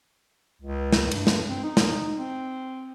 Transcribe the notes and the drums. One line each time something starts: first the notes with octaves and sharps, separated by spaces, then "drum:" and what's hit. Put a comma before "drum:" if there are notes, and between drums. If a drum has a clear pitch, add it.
C#2
drum: snare
G2, drum: cymbal
drum: snare
C4
D#4
drum: snare
C4